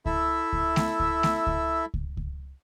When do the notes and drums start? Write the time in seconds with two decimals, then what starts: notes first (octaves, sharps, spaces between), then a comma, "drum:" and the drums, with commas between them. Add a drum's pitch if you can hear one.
0.06 E4 A4 E5, drum: kick C#2
0.53 drum: kick C#2
0.76 drum: snare A3
1.00 drum: kick C#2
1.23 drum: snare A3
1.47 drum: kick C#2
1.94 drum: kick C#2
2.17 drum: kick C#2